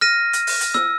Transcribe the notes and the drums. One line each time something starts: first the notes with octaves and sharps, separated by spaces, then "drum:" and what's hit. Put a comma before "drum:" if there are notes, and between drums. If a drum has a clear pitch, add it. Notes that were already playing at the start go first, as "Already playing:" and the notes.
F6 A#6 D#7
drum: hi-hat
drum: open hi-hat
drum: hi-hat
E6, drum: snare